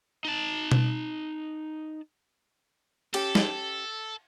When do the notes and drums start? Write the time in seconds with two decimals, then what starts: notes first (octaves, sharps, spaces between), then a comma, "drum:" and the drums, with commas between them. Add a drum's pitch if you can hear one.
0.25 D#4 A5
0.72 drum: tom B2
3.14 C#4 G4 A4, drum: cymbal
3.35 drum: snare